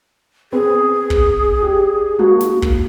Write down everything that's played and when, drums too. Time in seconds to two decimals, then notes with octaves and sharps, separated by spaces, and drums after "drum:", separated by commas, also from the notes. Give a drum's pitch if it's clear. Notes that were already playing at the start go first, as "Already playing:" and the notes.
0.53 B3 C4 G#4 B4
1.10 drum: kick
1.63 G4
2.19 G#3 A#3 F#4
2.41 drum: snare
2.62 drum: kick